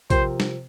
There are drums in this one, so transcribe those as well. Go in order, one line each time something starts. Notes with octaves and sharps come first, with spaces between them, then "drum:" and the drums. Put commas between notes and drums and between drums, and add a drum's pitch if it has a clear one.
C3 F3 C4 G4 A#4 C5, drum: kick, hi-hat
drum: snare